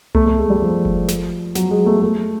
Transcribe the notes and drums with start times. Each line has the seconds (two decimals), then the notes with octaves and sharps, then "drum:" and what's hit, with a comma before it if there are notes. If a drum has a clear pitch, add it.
0.15 A3, drum: tom C2
0.26 A3
0.38 G#3
0.50 G3
0.62 F3
0.85 drum: kick F#1
1.08 drum: snare
1.55 F#3, drum: snare
1.71 G#3
1.86 A3
2.02 A3